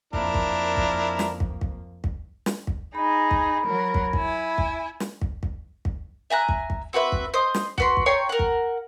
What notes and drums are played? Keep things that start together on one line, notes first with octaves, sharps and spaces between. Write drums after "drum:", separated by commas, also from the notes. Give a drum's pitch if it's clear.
F2 A#3 D4 E4 A#4, drum: kick
drum: kick
drum: kick
drum: snare
drum: kick
drum: kick
drum: kick
drum: snare
drum: kick
D#4 G#4 B5
drum: kick
F#3 A#4
drum: kick
E4 G#5, drum: kick
drum: kick
drum: snare
drum: kick
drum: kick
drum: kick
E5 G#5 A#5 F#6
drum: kick
drum: kick
C4 F#4 B4 E5
drum: kick
C5 D#5
drum: snare
F#4 B4 C6, drum: kick
drum: kick
C#5 G5 A#5 C6
A#4 F#5
drum: kick